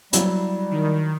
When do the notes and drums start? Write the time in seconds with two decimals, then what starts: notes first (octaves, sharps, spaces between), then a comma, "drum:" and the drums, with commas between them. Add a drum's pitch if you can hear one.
0.13 F#3 G3 E4, drum: hi-hat
0.71 D#3